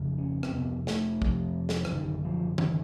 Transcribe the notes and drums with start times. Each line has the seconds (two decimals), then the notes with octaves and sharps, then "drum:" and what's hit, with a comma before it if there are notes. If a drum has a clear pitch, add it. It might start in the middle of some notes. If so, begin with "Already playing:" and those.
Already playing: F2 C#3
0.18 C#4
0.43 C4, drum: rim click
0.53 F2 C3 B3
0.87 A3, drum: snare
1.22 F2 C3, drum: kick
1.69 drum: snare
1.85 E3, drum: rim click
1.89 F#2 D3 D#3
2.24 F3
2.58 F#2 D3 E3, drum: tom D#3